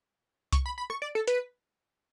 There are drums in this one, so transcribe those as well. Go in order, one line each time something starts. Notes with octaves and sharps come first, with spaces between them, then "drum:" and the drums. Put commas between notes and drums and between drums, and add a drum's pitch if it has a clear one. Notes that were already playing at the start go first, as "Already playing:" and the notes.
C#6, drum: kick C2, hi-hat
B5
B5
C#6, drum: rim click
D5
A4
B4, drum: hi-hat